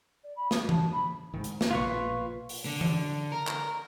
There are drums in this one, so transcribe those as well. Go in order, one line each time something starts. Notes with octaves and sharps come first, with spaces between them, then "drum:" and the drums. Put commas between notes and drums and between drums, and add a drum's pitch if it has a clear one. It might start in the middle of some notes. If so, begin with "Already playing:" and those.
D5
B5
D#6, drum: snare
A5, drum: tom E3
B5
G#2 D#3
drum: hi-hat
drum: snare
A#1 B2 A#3 F4 B4 C#6
drum: open hi-hat
D3
drum: tom E3
A#4
drum: clap